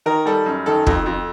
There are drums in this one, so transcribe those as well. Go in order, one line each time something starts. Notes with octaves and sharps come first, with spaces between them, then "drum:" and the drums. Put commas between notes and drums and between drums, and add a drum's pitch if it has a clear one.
D#3 A#4
G3 A4
F#2
D#3 A4
F2, drum: kick
F2